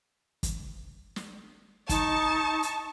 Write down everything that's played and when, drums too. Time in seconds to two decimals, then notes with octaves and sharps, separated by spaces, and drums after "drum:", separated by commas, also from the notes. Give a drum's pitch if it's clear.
0.43 drum: kick, hi-hat
1.16 drum: snare
1.89 D#4 A5 C#6, drum: kick, hi-hat
2.63 drum: hi-hat